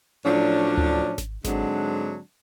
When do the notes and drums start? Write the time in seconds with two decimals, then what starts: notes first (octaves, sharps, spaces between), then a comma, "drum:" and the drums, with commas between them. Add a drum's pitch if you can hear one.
0.25 A2 F3 F#3 C#4 D4
0.77 drum: tom D2
1.18 drum: snare G#1
1.45 G#2 D3 F#3 G#3 C4 D4, drum: snare G#1